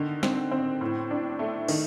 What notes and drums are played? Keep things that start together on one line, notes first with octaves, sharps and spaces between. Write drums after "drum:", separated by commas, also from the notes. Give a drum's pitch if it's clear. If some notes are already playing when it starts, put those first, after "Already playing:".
Already playing: D3 D#3
C4, drum: snare
C4
A2
D4
A3
D#3, drum: cymbal